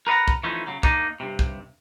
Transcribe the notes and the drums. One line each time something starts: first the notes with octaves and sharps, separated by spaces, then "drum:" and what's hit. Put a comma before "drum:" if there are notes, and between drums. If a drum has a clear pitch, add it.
A#4 B4 D#5 F#5 A#5
drum: kick
E3 F3 A3 C#4 D#4
C#3 F#3
A#3 D4 D#4, drum: kick
G2 C3
drum: kick